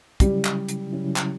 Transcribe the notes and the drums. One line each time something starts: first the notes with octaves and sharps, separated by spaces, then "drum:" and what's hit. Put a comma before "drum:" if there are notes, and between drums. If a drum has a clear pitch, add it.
C#3 F#3 G3 C#4 E4, drum: kick, hi-hat
drum: clap
drum: hi-hat
C#3 F#3 C#4 E4
drum: clap